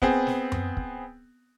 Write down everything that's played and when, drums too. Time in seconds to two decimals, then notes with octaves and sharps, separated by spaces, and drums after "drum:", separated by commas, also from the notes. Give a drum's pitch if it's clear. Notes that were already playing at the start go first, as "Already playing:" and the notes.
0.02 B3 C4 G#4, drum: kick
0.27 drum: snare
0.52 drum: tom F#2
0.77 drum: kick